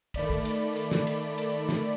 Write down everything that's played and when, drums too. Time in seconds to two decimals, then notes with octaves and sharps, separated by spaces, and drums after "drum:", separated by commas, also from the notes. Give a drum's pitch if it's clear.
0.14 D#3 A3 D5 B5, drum: kick, cymbal
0.30 drum: kick
0.45 drum: cymbal
0.76 drum: cymbal
0.91 drum: snare
1.07 drum: cymbal
1.38 drum: cymbal
1.69 drum: snare